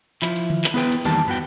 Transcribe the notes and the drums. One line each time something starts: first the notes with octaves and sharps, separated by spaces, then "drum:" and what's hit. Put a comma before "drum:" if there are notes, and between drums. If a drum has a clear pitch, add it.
F3 E4, drum: clap
drum: cymbal
drum: tom D3
drum: clap
B3 E4 G#4 B4 G5
drum: cymbal
E2 D#3 G3 A#3 G4 A5, drum: cymbal
G2 B3 F#4 G5